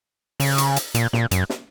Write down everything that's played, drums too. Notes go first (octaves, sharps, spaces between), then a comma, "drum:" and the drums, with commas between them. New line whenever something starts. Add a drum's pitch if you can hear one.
C#3, drum: open hi-hat
drum: hi-hat
drum: hi-hat
A#2, drum: hi-hat
A#2, drum: snare
F#2, drum: hi-hat
drum: snare